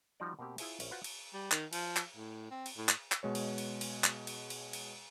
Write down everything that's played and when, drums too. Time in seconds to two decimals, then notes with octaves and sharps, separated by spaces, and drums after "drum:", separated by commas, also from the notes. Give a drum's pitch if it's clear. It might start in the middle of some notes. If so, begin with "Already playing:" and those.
0.20 F3 G3 D#4 F#4 D5
0.39 B2 A#3 C4 G4
0.58 E4 F4 G#4 C5 E5, drum: cymbal
0.80 A#1 C#4 E5, drum: cymbal
0.91 F4 F#4 B4 C5 F5 F#5
1.04 drum: cymbal
1.34 G3
1.52 D#3, drum: clap
1.73 F3, drum: cymbal
1.97 drum: clap
2.16 A2
2.51 C4
2.66 drum: cymbal
2.77 A2
2.89 drum: clap
3.12 drum: clap
3.23 B2 G#3 C#5
3.35 drum: cymbal
3.58 drum: cymbal
3.81 drum: cymbal
4.04 drum: clap
4.27 drum: cymbal
4.50 drum: cymbal
4.73 drum: cymbal